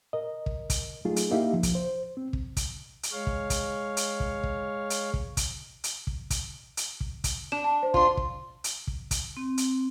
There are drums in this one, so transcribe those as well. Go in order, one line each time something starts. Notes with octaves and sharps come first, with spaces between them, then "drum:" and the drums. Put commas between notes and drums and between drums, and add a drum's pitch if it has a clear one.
A#4 D#5
drum: kick
drum: kick, hi-hat
F#3 A3 D#4 F4 G#4
drum: hi-hat
A#3 D#4 E4 G4 E5 F5
F3
drum: kick, hi-hat
C5
C4
drum: kick
drum: kick, hi-hat
drum: hi-hat
G#3 C#5 F5
drum: kick
drum: kick, hi-hat
drum: hi-hat
drum: kick
drum: kick
drum: hi-hat
drum: kick
drum: kick, hi-hat
drum: hi-hat
drum: kick
drum: kick, hi-hat
drum: hi-hat
drum: kick
drum: kick, hi-hat
D4 E7
A5
C5
D4 F4 C6, drum: kick
drum: kick
drum: hi-hat
drum: kick
drum: kick, hi-hat
C4
drum: hi-hat